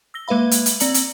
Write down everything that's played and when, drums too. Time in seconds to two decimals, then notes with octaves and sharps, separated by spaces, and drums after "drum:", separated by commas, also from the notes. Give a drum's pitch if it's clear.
0.14 E6 A#6 G7
0.28 G#3 A#3 B4 E5 F5 B5
0.51 drum: hi-hat
0.66 drum: hi-hat
0.80 C4 D5 A#5 C#7 F#7, drum: hi-hat
0.94 drum: hi-hat